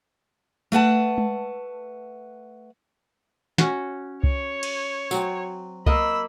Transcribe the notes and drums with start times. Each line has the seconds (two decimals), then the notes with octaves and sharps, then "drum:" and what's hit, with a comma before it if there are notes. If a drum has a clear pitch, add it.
0.72 A3 B4 F#5 A5
1.18 drum: tom G#3
3.58 C#4 F#4, drum: snare
4.23 C#5, drum: kick C2
4.63 drum: cymbal
5.11 F#3 C4, drum: tambourine
5.86 A#3 D#5 B5 E6, drum: kick C2